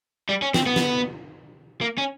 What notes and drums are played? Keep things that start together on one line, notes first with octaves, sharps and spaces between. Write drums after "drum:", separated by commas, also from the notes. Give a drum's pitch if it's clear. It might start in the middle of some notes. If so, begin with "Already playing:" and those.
G3
C#4
C4, drum: snare
B3
drum: snare
A#3
C#4